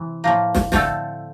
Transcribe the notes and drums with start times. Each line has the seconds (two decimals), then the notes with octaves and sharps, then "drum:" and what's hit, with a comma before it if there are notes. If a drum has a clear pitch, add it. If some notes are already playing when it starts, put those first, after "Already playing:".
Already playing: C3 E3
0.24 A2 F3 A#3
0.55 drum: snare
0.72 D3 A3 C4 F4 A4, drum: snare